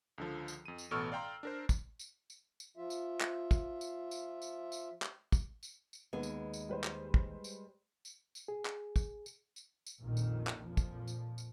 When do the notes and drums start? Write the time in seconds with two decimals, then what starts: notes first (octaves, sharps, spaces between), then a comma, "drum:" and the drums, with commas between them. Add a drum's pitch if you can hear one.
0.18 C#2 D3 F3
0.48 drum: tambourine
0.65 F2 D#7
0.78 drum: tambourine
0.91 A1 B2 A4 C#6 E6 F6
1.12 D5 F5 G5 A#5 C6
1.43 D4 A#4 C5
1.69 drum: kick, tambourine
1.99 drum: tambourine
2.30 drum: tambourine
2.60 drum: tambourine
2.77 F3 F4 E5
2.90 drum: tambourine
3.21 drum: clap
3.51 drum: kick, tambourine
3.81 drum: tambourine
4.11 drum: tambourine
4.42 drum: tambourine
4.72 drum: tambourine
5.02 drum: clap
5.32 drum: kick, tambourine
5.63 drum: tambourine
5.93 drum: tambourine
6.13 D#2 G#3 B3
6.23 drum: tambourine
6.54 drum: tambourine
6.69 G3 B4 C5
6.84 drum: clap
7.14 drum: kick
7.44 drum: tambourine
8.05 drum: tambourine
8.35 drum: tambourine
8.48 G#4
8.65 drum: clap
8.96 drum: kick, tambourine
9.26 drum: tambourine
9.56 drum: tambourine
9.86 drum: tambourine
10.00 A#1 F2 A#2 D#3
10.17 drum: tambourine
10.47 drum: clap
10.65 F2 A#2 F3
10.77 drum: kick, tambourine
11.08 drum: tambourine
11.38 drum: tambourine